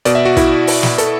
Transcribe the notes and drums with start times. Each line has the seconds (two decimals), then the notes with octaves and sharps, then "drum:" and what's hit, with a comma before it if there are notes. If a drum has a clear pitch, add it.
0.05 B2 D5, drum: hi-hat
0.15 E5
0.25 F#4
0.37 E4, drum: kick, hi-hat
0.67 drum: open hi-hat
0.83 drum: snare
0.98 A4, drum: hi-hat